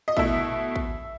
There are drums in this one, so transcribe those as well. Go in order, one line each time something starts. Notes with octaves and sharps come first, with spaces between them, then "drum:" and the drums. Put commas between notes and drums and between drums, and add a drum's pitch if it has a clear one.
D#5
B2 A3 E4 E5, drum: kick
drum: tom
drum: kick